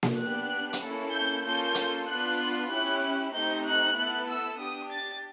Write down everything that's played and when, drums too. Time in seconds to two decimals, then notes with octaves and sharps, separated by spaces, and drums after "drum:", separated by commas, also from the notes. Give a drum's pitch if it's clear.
0.03 drum: snare A#3
0.21 B3 D4 G4 F#6
0.73 drum: hi-hat
0.84 A#3 C#4 E4 A4
1.15 G6
1.46 A#3 C#4 F4 A4 G6
1.75 drum: hi-hat
2.09 B3 D4 F4 F#6
2.72 C#4 E4 G4 F#6
3.34 A3 C4 D#4 G4 G6
3.66 F#6
3.97 B3 E4 A4
4.29 E6
4.60 D4 G4 D#6
4.92 A6